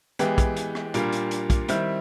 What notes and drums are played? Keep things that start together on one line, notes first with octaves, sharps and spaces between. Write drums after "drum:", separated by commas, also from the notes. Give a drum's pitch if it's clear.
E3 G#3 B3 E4 G4, drum: hi-hat
drum: kick, hi-hat
drum: hi-hat
drum: rim click
A#2 G3 A#3 D4 F4, drum: hi-hat
drum: hi-hat
drum: hi-hat
drum: kick, hi-hat
D#3 G3 C4 E4, drum: hi-hat